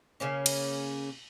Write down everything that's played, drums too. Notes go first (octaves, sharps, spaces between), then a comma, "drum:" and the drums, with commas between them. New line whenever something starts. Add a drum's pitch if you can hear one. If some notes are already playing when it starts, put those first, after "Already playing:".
C#3 A#3 C#4
drum: cymbal